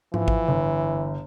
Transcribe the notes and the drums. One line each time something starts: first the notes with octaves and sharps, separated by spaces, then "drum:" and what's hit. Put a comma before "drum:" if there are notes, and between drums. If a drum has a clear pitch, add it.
E3 F3, drum: tom G#2
drum: kick G#1
G1